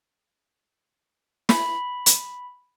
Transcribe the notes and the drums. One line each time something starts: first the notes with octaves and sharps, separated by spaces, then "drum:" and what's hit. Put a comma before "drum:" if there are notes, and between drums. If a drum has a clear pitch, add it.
B5, drum: snare
drum: hi-hat